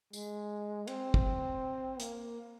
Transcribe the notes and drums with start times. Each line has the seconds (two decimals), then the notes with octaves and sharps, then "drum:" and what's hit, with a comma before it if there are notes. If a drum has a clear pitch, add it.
0.13 G#3, drum: tambourine
0.88 C4, drum: cymbal
1.14 drum: kick
2.00 A#3, drum: hi-hat